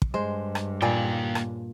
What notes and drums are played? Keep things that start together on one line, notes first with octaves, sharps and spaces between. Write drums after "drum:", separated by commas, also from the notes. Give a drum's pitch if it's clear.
drum: kick
G2 G#3 C5
drum: rim click
A#2 C#3 A#3 D5 G5 G#5
drum: rim click